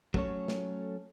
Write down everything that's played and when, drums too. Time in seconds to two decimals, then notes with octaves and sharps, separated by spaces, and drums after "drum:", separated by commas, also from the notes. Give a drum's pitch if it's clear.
0.14 F#3 A3 C#4 A4 C#5, drum: kick
0.48 drum: snare